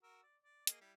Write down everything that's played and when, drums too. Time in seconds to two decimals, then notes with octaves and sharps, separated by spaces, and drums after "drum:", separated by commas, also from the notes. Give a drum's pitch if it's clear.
0.03 F#4 A#4 E6
0.23 D5
0.42 D5
0.67 A#3 G#4 D#5, drum: hi-hat
0.81 G3 E4 G4